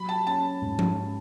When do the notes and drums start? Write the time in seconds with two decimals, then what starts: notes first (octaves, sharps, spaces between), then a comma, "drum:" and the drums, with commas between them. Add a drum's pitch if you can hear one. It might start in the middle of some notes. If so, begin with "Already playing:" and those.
Already playing: F#3 B5
0.09 A5
0.27 C#4 A5
0.61 G#2
0.79 drum: tom F3